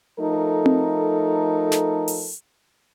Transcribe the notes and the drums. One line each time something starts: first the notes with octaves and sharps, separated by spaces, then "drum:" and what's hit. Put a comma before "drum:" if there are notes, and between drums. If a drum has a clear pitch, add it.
F3 A3 D#4 A4 A#4
drum: tom C4
drum: snare
drum: open hi-hat